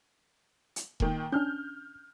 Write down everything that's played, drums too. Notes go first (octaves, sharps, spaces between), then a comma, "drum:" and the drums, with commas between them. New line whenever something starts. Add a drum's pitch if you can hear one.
drum: hi-hat
A#2 D#3 G5, drum: kick E1
C#4 D4 F6 G6